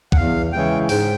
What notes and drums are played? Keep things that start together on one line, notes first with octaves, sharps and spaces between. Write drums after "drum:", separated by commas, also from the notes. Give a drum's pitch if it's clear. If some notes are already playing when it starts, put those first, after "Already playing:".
F#5, drum: kick
E2 F5
C#3 E3 G#3 G5
G#2 G5, drum: open hi-hat